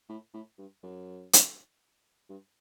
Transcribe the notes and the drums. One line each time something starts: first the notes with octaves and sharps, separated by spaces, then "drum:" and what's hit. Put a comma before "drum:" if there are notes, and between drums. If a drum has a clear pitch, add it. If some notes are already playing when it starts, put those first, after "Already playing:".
A2
A2
G2
F#2
drum: hi-hat
G2